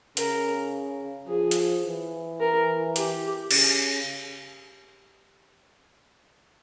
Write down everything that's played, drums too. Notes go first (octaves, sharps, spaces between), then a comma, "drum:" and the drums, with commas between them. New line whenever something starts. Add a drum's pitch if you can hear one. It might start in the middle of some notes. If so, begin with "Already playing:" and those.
C#3 A#4, drum: hi-hat
F3 G#4
drum: hi-hat
E3
A#4
G4, drum: hi-hat
C#3, drum: cymbal